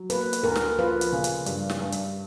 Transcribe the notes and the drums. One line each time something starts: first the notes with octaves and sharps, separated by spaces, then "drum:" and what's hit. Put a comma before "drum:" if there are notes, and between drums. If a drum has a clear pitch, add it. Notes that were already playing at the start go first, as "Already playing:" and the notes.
Already playing: F#3
A#3 B4, drum: hi-hat
drum: hi-hat
D2 A#4
drum: snare
F3 B4
drum: hi-hat
C#3
drum: hi-hat
G2, drum: hi-hat
drum: snare
G2
drum: hi-hat